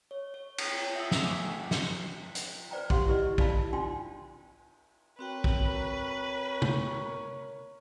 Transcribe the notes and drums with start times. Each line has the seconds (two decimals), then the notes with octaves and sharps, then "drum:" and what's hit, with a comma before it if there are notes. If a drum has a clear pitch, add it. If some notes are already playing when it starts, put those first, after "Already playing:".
0.11 C#5
0.34 C#5
0.58 drum: cymbal
0.95 E5 F#5 D#6 E6
1.11 drum: snare
1.22 A3 B3 F#5 G#5 D6 B6
1.71 C#7, drum: snare
2.35 drum: hi-hat
2.71 B4 C5 D5 G5 A#5
2.90 F#4 G4 F5 F#5 C6, drum: kick
3.07 E4 G4 B4 D5 D#5
3.38 E4 D5 F5 A5 B5, drum: kick
3.73 D4 D#4 F4 G5 C6
5.19 C4 F#4 A#4 B4 C#5 G5
5.44 drum: kick
6.62 drum: tom C3